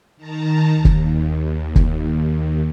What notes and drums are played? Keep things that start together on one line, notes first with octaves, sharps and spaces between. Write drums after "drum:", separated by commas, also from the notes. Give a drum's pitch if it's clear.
D#3 A5 A#5
D#2
drum: kick
drum: kick